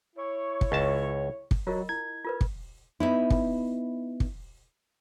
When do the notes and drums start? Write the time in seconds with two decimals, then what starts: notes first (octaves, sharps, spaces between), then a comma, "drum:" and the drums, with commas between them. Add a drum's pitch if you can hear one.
0.16 E4 C#5
0.61 drum: kick
0.72 C#2 A5
1.51 drum: kick
1.67 F#3 F4 A#4 D#5
1.89 E4 G#6
2.25 F4 A#4 B4
2.41 drum: kick
3.00 B3 D#4 E4
3.30 drum: kick
4.20 drum: kick